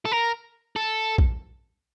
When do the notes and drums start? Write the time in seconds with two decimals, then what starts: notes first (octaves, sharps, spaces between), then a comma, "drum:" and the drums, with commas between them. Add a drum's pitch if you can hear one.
0.05 A4
0.12 A#4
0.76 A4
1.18 drum: kick A#1